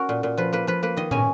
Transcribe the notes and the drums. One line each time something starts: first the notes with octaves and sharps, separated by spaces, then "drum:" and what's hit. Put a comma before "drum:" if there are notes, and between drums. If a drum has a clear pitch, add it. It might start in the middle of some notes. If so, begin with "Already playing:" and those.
Already playing: C#4 F#4 A#4
A#2
A#2
F3 B4
A#3 B4
F3 B4
A#3 B4
D#3 D#5
C#4 G#5, drum: tom